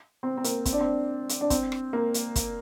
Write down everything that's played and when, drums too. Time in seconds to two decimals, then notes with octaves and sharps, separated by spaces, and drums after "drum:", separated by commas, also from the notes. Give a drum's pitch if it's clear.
0.23 C4
0.37 C4
0.44 A#3, drum: hi-hat
0.65 C4, drum: kick, hi-hat
0.73 D4
0.80 C4
1.29 drum: hi-hat
1.41 D4
1.50 C4, drum: kick, hi-hat
1.72 drum: rim click
1.93 A#3
2.14 drum: hi-hat
2.36 drum: kick, hi-hat